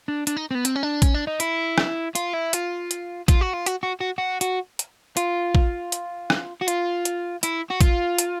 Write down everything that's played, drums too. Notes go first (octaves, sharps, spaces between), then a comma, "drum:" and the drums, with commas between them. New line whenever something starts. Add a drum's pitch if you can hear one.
D4
D4, drum: hi-hat
D#4
C4
B3
C4, drum: hi-hat
C#4
D4
C#4, drum: kick, hi-hat
D4
D#4
E4, drum: hi-hat
drum: rim click
F4, drum: hi-hat
E4
F4, drum: hi-hat
drum: hi-hat
F4, drum: kick, hi-hat
F#4
F4
F#4, drum: hi-hat
F#4
F#4
F#4
F#4, drum: hi-hat
drum: hi-hat
F4, drum: hi-hat
drum: kick
drum: hi-hat
drum: rim click
F#4
F4, drum: hi-hat
drum: hi-hat
E4, drum: hi-hat
F#4
F4, drum: kick, hi-hat
drum: hi-hat